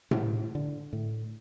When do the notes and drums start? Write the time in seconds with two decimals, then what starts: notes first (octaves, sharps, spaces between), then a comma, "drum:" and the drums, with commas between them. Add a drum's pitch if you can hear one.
0.11 A2, drum: tom A2
0.55 D3
0.93 A2